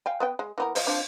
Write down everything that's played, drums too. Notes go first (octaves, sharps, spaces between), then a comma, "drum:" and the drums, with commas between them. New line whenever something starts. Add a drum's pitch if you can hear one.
F5 G5 G#5
B3 B4 G5
G#3
E3 B3 A#4
F3 D#5, drum: open hi-hat
F3 C4 D4